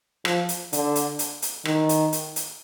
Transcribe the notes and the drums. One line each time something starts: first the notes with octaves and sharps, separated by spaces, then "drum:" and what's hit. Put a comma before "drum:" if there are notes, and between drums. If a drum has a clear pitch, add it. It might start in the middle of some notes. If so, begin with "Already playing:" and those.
F3, drum: rim click
drum: hi-hat
D3, drum: hi-hat
drum: hi-hat
drum: hi-hat
drum: hi-hat
D#3, drum: rim click
drum: hi-hat
drum: hi-hat
drum: hi-hat